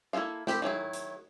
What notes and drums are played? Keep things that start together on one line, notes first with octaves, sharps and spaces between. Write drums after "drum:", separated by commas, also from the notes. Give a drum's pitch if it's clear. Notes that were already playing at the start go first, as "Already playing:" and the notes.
A#3 E4 G#4 A4 F5
C4 G4 B5, drum: snare
D#3 F#3 E4 G#4
drum: hi-hat